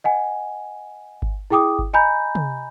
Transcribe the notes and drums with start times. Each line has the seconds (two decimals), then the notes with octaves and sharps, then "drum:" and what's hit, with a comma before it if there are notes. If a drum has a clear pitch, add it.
0.04 D#5 F#5 G#5
1.22 drum: kick G1
1.50 E4 G#4 G5 D6 D#6
1.79 drum: kick G1
1.93 D#5 G#5 A#5 B5 G6
2.35 drum: tom